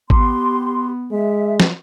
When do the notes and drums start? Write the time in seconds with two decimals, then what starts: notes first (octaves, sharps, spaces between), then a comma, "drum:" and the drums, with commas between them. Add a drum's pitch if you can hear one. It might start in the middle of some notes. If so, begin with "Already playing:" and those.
0.10 B3 G4 C6, drum: kick G#1
1.11 G#3 E5
1.60 drum: snare